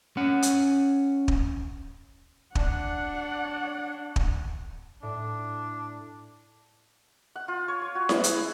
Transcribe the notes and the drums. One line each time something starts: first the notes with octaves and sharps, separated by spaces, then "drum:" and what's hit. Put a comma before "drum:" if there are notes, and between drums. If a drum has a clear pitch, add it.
C#4 F#5
drum: hi-hat
drum: kick
D4 D5 F#5, drum: kick
drum: kick
A2 D4
F#5
F4
C#5
C#5
F#4
E4, drum: snare E4
G#4, drum: hi-hat
E4